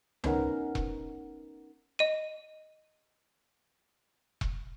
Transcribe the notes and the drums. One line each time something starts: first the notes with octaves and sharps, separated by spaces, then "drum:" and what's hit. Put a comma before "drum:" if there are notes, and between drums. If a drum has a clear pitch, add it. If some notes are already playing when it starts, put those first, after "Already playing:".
B3 C#4 D#4 A#4 F#5, drum: tom C#2
drum: kick E1
D#5 D#7
drum: kick E1